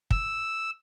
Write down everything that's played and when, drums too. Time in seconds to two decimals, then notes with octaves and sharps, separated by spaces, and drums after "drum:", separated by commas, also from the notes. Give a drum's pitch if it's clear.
0.11 E6, drum: kick